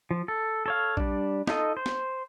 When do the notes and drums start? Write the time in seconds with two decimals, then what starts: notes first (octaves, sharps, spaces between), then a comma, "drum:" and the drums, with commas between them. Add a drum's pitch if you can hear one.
0.11 F3
0.28 A4
0.66 A4 C#5 F5
0.97 G3 D4, drum: kick A#1
1.47 D#4 F4 A4 D#5, drum: snare
1.77 C5
1.86 drum: snare